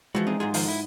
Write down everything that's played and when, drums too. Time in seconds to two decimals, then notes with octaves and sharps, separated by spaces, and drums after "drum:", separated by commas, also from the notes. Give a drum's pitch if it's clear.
0.15 E3 F3 G3 G#3 F#4
0.27 C4 D#4 G#4
0.40 G#2 F#3 F4 G#4
0.54 D#3 F3 F5, drum: open hi-hat
0.68 E4